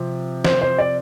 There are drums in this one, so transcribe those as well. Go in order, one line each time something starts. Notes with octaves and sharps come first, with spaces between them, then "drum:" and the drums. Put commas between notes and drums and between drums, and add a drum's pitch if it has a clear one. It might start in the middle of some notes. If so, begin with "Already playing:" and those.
Already playing: C3 F3 C4
C5, drum: snare
C5
D5